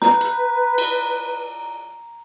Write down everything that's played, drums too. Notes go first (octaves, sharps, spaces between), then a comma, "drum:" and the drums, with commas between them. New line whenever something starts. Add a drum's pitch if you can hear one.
B4 A#5, drum: snare
drum: hi-hat
drum: cymbal